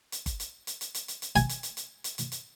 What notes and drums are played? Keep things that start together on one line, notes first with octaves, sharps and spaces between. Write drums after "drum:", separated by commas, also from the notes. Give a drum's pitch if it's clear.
drum: hi-hat
drum: kick G1, hi-hat
drum: hi-hat
drum: hi-hat
drum: hi-hat
drum: hi-hat
drum: hi-hat
drum: hi-hat
G#5, drum: kick G1, hi-hat
drum: hi-hat
drum: hi-hat
drum: hi-hat
drum: hi-hat
drum: hi-hat
drum: hi-hat